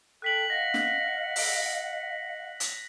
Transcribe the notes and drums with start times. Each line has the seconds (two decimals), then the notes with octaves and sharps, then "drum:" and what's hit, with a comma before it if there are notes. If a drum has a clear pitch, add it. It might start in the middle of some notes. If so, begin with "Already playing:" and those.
0.22 A4 G5 F#6 B6 F#7
0.50 D#5 F5 F#5 A#6
0.74 drum: snare
1.36 drum: open hi-hat
2.60 drum: hi-hat